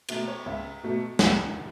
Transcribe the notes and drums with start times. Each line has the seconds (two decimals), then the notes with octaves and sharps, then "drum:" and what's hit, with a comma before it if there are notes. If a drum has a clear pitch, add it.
0.09 B2 A3 E5, drum: cymbal
0.28 C#5
0.46 C#2 E5
0.83 B2 A3
1.19 C#2 F#5, drum: snare